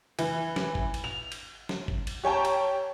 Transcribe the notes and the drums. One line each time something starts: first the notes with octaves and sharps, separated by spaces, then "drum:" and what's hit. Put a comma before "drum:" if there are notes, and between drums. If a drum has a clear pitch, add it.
E3, drum: cymbal
drum: snare
drum: kick G#1
drum: cymbal
F7
drum: cymbal
drum: snare
drum: kick G#1
drum: cymbal
G4 C#5 G5 A5 A#5
drum: cymbal